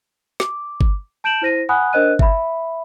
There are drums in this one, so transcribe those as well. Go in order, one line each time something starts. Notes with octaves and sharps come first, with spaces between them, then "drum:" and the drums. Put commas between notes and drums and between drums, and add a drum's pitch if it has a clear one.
D6, drum: snare
drum: kick G1
A5 G6 D7 E7 F#7
E4 C5 A#6 D#7
F#5 G#5 B5 D#6 F#6
D4 A#4 C5 D#5 F#6 D#7
E5 B5, drum: kick G1